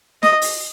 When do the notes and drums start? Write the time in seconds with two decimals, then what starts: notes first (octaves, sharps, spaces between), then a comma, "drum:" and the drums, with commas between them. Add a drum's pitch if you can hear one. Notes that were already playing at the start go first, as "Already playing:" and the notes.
0.23 D#5, drum: snare
0.42 drum: open hi-hat